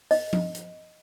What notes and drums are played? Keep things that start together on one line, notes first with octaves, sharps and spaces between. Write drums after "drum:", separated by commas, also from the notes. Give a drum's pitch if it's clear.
D#5, drum: open hi-hat
drum: tom F3
drum: hi-hat